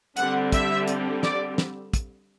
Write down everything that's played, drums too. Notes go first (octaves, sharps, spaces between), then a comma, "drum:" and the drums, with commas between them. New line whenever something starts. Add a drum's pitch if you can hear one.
D3 G3 C4 F#5, drum: hi-hat
E5, drum: kick, hi-hat
drum: hi-hat
D5, drum: snare
drum: snare
drum: kick, hi-hat